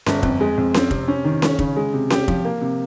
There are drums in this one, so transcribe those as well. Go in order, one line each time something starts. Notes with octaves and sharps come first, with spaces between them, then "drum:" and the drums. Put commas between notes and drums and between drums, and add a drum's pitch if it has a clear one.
G1, drum: snare C#4
F2, drum: kick
G#3
F2
C4, drum: snare C#4
C3, drum: kick
C#4
D#3
C#4, drum: snare C#4
C#3, drum: kick
G#3
C3
G4, drum: snare C#4
F3, drum: kick
A#3
C3